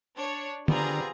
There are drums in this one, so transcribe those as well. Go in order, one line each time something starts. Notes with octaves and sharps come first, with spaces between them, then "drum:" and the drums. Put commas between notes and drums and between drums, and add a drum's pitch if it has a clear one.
D4 C#5
D3 G3 B3 C4 F4 G#4 A#5, drum: tom